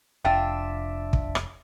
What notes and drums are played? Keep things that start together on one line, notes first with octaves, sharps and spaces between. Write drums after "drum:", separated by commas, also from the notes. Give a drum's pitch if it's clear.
F1 D4 F4 E5 G5
drum: kick
drum: rim click